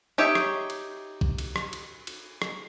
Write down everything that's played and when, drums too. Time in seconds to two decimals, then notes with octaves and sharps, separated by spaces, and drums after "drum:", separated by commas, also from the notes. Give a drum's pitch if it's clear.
0.18 D#4 G4 C#5 E5
0.35 drum: rim click
0.70 drum: cymbal
1.21 drum: kick B1
1.38 drum: cymbal
1.56 drum: rim click
1.73 drum: cymbal
2.07 drum: cymbal
2.42 drum: rim click